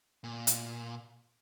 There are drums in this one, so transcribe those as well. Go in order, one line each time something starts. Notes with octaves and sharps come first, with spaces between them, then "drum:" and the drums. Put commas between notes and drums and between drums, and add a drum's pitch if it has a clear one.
A#2
drum: hi-hat